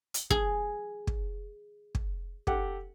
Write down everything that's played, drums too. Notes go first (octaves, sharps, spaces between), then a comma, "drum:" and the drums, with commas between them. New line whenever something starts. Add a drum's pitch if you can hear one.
drum: hi-hat
G#4, drum: kick
drum: kick
drum: kick
G4 A4 F#5, drum: kick